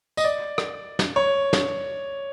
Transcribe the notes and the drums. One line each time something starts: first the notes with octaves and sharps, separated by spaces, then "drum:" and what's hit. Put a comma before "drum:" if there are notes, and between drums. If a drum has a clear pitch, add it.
D#5, drum: tambourine
D5
drum: rim click
drum: snare
C#5
drum: snare